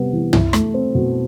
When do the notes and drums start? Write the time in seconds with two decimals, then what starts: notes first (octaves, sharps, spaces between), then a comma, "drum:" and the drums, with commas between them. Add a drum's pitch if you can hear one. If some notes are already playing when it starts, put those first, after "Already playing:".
Already playing: C3 G3 B3
0.13 E3
0.33 E4, drum: tom
0.53 A3, drum: rim click
0.74 C4
0.95 B2